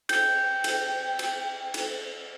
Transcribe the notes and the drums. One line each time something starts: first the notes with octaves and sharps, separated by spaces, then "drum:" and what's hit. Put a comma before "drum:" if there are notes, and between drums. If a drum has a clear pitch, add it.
G5 G6, drum: cymbal
drum: cymbal
drum: cymbal
drum: cymbal